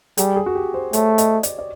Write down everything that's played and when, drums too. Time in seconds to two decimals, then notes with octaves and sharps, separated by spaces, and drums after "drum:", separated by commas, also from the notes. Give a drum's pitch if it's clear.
0.17 G3 G#4, drum: hi-hat
0.36 G#4
0.46 F#4
0.55 G4
0.74 C5
0.93 A3 C#5, drum: hi-hat
1.18 D#5, drum: hi-hat
1.43 D5, drum: hi-hat
1.59 D5